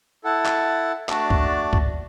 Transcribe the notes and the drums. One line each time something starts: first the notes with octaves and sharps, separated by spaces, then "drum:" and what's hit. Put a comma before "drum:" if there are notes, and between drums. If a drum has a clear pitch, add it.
E4 A4 F#5 A5
drum: clap
A3 D4 F#4 D5 A5, drum: clap
drum: kick
drum: kick